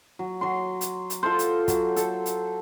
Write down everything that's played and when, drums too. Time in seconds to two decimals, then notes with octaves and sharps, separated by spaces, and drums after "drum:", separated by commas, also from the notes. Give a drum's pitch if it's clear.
0.19 F#3
0.41 F#3 C6
0.81 drum: hi-hat
1.10 drum: hi-hat
1.23 F4 A4 C5
1.39 drum: hi-hat
1.68 F#3, drum: kick, hi-hat
1.96 A4, drum: hi-hat
2.26 drum: hi-hat